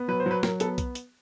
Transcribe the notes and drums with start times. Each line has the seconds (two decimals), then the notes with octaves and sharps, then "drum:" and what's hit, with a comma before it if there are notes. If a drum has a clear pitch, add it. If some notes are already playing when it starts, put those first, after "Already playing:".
Already playing: B3
0.08 F#3 B4
0.20 C5
0.26 F#3 B4
0.43 F#3 A#4, drum: snare
0.60 B3 A4, drum: hi-hat
0.78 drum: kick B1, hi-hat
0.95 drum: hi-hat